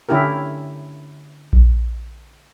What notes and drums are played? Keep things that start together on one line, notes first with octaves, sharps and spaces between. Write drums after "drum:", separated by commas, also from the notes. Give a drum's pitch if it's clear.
D3 C#4 E4 G4 A#4
drum: kick A#1